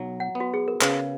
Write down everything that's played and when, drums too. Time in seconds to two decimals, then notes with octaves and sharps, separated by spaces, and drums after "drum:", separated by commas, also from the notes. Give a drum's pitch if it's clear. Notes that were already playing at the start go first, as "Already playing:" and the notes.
Already playing: B1 F#3
0.20 F#5
0.35 B3
0.40 F#4
0.54 G#4
0.68 A#4
0.81 C#3 B4, drum: clap